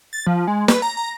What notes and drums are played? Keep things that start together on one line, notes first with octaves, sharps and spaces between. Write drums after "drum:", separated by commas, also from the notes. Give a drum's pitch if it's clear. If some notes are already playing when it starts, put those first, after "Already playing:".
A6
F3
G#3
B4, drum: snare
A#5
A#5